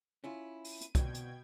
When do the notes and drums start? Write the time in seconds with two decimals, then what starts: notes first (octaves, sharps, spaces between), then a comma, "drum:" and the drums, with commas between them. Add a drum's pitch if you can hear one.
0.24 C#4 E4 F4
0.65 D#7, drum: open hi-hat
0.81 drum: hi-hat
0.95 C2 B2 F#4 G5 G#6, drum: kick, hi-hat
1.14 drum: hi-hat